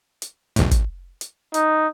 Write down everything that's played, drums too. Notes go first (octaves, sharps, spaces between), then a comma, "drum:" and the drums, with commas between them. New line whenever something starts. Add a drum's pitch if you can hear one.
drum: hi-hat
B1 E2 A2, drum: hi-hat
drum: kick, hi-hat
drum: hi-hat
D#4, drum: hi-hat